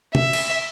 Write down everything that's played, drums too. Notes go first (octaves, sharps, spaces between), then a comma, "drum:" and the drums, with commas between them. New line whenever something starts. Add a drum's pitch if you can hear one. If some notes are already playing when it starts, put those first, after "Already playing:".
E5, drum: tom
drum: cymbal